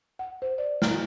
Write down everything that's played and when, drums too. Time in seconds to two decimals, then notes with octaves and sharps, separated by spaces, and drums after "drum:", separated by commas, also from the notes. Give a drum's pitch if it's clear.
0.19 F#5
0.42 C5
0.58 D5
0.82 F6, drum: snare